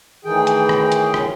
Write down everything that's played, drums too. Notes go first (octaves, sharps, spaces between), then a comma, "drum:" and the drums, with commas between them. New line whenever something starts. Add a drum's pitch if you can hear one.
A2 D#3 E3 G#4 G5
drum: hi-hat
drum: rim click
drum: hi-hat
drum: rim click